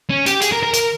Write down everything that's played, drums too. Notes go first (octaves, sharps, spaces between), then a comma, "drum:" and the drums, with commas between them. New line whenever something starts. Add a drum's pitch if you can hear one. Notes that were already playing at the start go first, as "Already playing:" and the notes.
C#4
G4, drum: hi-hat
G#4, drum: hi-hat
A#4
A#4
A#4, drum: hi-hat